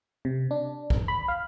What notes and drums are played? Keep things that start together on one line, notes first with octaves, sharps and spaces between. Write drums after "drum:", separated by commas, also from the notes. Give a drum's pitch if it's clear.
C3
D4
drum: kick
B5
F5